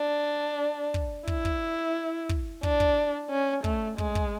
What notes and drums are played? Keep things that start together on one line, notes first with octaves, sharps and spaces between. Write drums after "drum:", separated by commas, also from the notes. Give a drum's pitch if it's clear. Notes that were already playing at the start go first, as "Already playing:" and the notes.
Already playing: D4
drum: kick
E4, drum: kick
drum: kick
drum: kick
D4, drum: kick
drum: kick
C#4
A3, drum: kick
G#3, drum: kick
drum: kick